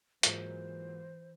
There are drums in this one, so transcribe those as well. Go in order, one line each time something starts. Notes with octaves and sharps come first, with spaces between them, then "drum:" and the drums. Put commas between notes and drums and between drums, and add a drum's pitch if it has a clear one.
G#2 E3 F#3 G#3 A#3 F4 C5, drum: hi-hat